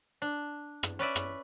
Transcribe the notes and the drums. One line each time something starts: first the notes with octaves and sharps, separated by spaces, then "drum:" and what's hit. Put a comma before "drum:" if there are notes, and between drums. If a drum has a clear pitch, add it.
D4
drum: rim click
C#4 B4 D5 E5
drum: rim click